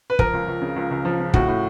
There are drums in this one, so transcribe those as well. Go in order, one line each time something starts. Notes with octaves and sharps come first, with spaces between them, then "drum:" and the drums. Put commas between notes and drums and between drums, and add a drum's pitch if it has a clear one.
B4
F3 A#4, drum: kick
C#2
C#2
C#3
C#2
C#2
F3
C#3
A2 F#4, drum: kick
A2